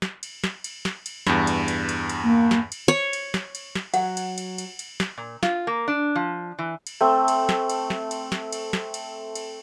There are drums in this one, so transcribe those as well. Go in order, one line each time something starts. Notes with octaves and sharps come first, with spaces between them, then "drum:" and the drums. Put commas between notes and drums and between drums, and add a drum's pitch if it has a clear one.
drum: snare
drum: cymbal
drum: snare
drum: cymbal
drum: snare
drum: cymbal
E2 G2, drum: snare
drum: cymbal
drum: cymbal
drum: cymbal
drum: cymbal
A#3
drum: snare
drum: cymbal
C#5
drum: cymbal
drum: snare
drum: cymbal
drum: snare
F#3 F#5, drum: cymbal
drum: cymbal
drum: cymbal
drum: cymbal
drum: cymbal
drum: snare
A#2
F4, drum: snare
A#3
D4
F3
E3
drum: cymbal
A3 C4
drum: cymbal
drum: snare
drum: cymbal
drum: snare
drum: cymbal
drum: snare
drum: cymbal
drum: snare
drum: cymbal
drum: cymbal